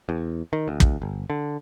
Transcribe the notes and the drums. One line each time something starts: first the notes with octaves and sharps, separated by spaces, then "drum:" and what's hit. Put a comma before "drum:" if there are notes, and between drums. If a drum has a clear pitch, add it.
E2
D#3
D2
drum: kick
G1
D3